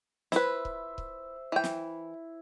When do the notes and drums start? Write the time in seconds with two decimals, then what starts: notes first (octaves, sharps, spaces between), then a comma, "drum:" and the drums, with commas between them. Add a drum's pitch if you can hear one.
0.32 E4 B4 C5 E5, drum: snare
0.65 drum: kick C#1
0.98 drum: kick C#1
1.52 E3 E4 G5
1.64 drum: snare